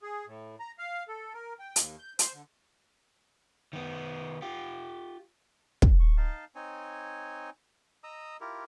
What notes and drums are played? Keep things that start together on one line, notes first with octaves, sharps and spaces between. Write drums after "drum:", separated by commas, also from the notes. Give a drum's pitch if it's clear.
G#4
A2
A#5
F5
A4
A#4
G5
D#2, drum: hi-hat
G6
C5, drum: hi-hat
D3
D#3 B3
F4 G4
drum: kick
C#6
D#4 F5 A5
C4 D#4 C#5 G#5
D#5 A#5 D#6 E6
E4 F4 G4 A#4